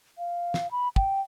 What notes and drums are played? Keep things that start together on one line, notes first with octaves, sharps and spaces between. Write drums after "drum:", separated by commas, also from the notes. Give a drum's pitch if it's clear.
F5
drum: snare
B5
G5, drum: kick